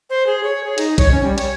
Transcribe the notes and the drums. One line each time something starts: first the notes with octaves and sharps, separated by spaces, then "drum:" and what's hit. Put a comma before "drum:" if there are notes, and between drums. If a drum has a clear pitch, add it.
C5
G#4
C#5
G#4
D#4, drum: hi-hat
C#5, drum: kick A#1, hi-hat
C#4
G3
C#5, drum: hi-hat